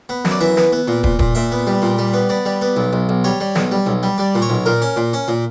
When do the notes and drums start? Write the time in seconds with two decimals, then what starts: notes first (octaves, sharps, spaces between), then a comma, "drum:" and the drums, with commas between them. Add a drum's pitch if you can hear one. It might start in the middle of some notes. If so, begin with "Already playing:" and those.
0.09 B3
0.25 F#2, drum: snare
0.31 D5
0.40 E3 E5
0.57 B3, drum: snare
0.72 B3
0.88 A#2
1.04 A#2, drum: kick
1.19 A#2, drum: kick
1.35 A#2 E5
1.52 B3
1.67 G3
1.82 A#2
1.98 G3
2.13 B3
2.29 B3 D5
2.45 G3
2.62 B3
2.76 B1
2.93 B1
3.09 B1
3.24 G3 C#5
3.40 G3
3.56 B1, drum: snare
3.72 G3
3.86 B1
4.03 G3
4.18 G3 D5
4.35 A#2
4.42 C#5
4.50 B1
4.66 A#2 A#4
4.82 C#4
4.97 A#2
5.13 C#4
5.28 A#2